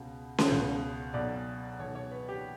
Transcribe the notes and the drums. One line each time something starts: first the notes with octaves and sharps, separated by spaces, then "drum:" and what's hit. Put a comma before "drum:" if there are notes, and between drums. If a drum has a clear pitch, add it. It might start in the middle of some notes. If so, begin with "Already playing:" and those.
Already playing: C#2 B2
drum: snare C#4
C#2 B2
B1 B2 D5
B1 B2 C#5
C#5
B4
G4